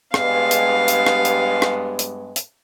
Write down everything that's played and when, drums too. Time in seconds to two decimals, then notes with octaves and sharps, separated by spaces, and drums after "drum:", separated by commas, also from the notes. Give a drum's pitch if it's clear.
0.14 G2 G#3 B3 F5, drum: rim click
0.51 drum: hi-hat
0.88 drum: hi-hat
1.07 drum: rim click
1.25 drum: hi-hat
1.62 drum: rim click
1.99 drum: hi-hat
2.36 drum: hi-hat